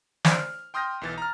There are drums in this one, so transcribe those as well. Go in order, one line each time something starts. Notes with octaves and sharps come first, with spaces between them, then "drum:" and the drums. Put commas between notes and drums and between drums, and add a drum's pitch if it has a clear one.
C5 D5, drum: snare
F6
G5 C6 D#6 F6 G6 A#6
B1 E3 A6
A#5 F6